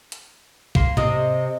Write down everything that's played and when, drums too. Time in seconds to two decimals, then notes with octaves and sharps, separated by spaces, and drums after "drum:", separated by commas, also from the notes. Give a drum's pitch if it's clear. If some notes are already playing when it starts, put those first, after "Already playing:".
0.12 drum: hi-hat
0.75 A#3 C6, drum: kick
0.97 C3 D#5, drum: tom G#2